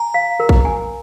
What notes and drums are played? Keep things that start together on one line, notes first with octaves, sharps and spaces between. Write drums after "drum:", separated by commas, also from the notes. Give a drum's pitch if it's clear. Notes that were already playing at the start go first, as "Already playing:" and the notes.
Already playing: G#5 A#5
F5
A#4
drum: kick
G#5